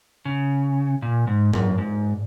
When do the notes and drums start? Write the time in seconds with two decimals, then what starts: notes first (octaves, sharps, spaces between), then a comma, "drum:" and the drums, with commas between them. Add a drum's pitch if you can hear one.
0.25 C#3
1.02 A#2
1.27 G#2
1.53 F#2, drum: tom G#2
1.78 G#2